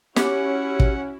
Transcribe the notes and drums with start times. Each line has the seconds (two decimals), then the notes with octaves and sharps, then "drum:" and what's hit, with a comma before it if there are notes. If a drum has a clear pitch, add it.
0.16 C#4 E4 F#4 G4 F#5, drum: snare
0.80 drum: kick